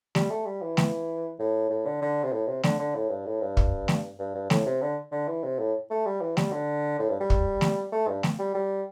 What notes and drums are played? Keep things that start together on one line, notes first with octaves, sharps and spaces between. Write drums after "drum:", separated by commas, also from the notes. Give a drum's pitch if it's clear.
G3, drum: snare A3
A3
G3
E3
drum: snare A3
A2
A2
D3
D3
C3
A2
C3
D3, drum: snare A3
D3
A2
G2
A2
G2
drum: kick
drum: snare A3
G2
G2
A2, drum: snare A3
C3
D3
D3
E3
C3
A2
A3
G3
E3
G3, drum: snare A3
D3
A2
G2
G3
drum: kick
drum: snare A3
A3
G2
drum: snare A3
G3
G3